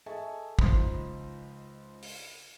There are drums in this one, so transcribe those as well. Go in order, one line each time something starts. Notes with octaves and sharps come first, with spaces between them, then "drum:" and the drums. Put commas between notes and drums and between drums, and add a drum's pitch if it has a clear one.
G#4 A4 D#5 E5 A5 C#6
C#2 F3 D#4 C5 B5, drum: kick
drum: open hi-hat